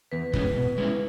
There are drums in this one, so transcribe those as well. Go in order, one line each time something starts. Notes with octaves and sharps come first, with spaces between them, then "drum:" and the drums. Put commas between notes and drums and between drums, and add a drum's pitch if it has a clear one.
E2 B4
E3 G#3 C#4, drum: kick
B2
G#3 C#4 E4